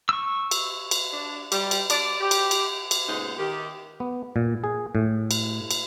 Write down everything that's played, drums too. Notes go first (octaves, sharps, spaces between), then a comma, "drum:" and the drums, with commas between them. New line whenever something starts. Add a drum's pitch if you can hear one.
C#6 E6
drum: cymbal
drum: cymbal
D4
G3, drum: cymbal
drum: cymbal
D5, drum: cymbal
G4
drum: cymbal
drum: cymbal
drum: cymbal
A#2 C#3 G#3 B3 D#4 C5
D#3 G4
B3
A#2
G#4
A2
drum: cymbal
drum: cymbal